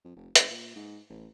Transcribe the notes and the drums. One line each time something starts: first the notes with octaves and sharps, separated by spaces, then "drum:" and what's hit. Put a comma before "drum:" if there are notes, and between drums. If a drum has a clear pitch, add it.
F2
F1
G1, drum: hi-hat
A#2
G#2
A1